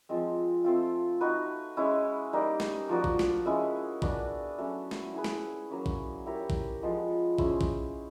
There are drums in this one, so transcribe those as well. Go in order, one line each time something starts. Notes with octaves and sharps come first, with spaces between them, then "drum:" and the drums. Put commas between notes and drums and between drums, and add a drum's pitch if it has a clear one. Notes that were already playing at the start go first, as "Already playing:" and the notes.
F3 G#3 C4
A3 C4 F4
D#4 F#4 B4
G#3 C#4 E4
G3 A#3 D#4
drum: snare
F3 A#3 D4 F#4
drum: kick
drum: snare
G#3 C#4 E4 G#4
B3 D4 F#4 B4, drum: kick
F#3 A3 C#4
drum: snare
E4 G#4 B4
drum: snare
F#3 A#3 C#4
drum: kick
E4 G4 A#4 C#5
drum: kick
F3 G#3 B3
C#4 E4 G#4 C5, drum: kick
drum: kick